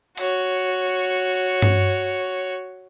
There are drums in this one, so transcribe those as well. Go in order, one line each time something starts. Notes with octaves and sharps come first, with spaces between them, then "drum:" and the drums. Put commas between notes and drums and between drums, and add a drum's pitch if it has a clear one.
F#4 C#5, drum: open hi-hat
drum: tom G2